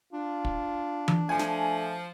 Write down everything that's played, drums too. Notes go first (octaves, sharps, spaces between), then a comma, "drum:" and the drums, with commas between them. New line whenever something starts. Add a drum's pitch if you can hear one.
D4 F4
drum: kick
drum: tom E3
F3 A3 G#5
drum: snare